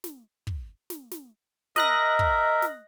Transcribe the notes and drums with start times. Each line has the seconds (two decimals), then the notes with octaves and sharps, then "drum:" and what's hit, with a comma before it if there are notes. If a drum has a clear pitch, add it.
0.04 drum: snare
0.47 drum: kick
0.90 drum: snare
1.11 drum: snare
1.76 A#4 D#5 E5 F#6 A#6, drum: snare
2.19 drum: kick
2.62 drum: snare